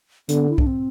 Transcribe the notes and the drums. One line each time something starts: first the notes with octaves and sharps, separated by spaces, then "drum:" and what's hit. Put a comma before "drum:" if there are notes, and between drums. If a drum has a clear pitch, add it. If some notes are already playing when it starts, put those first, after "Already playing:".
D3 B3, drum: hi-hat
E4
D4, drum: kick B1
C4